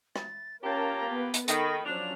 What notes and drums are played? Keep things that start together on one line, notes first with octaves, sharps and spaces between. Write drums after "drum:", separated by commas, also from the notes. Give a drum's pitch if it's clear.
A6, drum: rim click
A#3 C#4 F4 G4 A#4 A5 A#5
B3 B4
drum: hi-hat
D#3 A4 B5 A#6, drum: hi-hat
F3 F#3 C#4 D4 F7